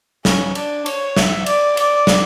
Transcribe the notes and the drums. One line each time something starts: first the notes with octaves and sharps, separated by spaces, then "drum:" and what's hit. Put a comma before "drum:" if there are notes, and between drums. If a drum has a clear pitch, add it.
C#4, drum: snare
D4, drum: cymbal
C#5, drum: cymbal
E5, drum: snare
D5, drum: cymbal
D5, drum: cymbal
drum: snare